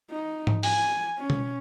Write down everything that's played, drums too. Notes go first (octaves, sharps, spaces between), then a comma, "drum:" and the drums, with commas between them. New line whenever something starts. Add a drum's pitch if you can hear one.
D#4
drum: tom G#2
G#5, drum: open hi-hat
C#4
drum: tom B2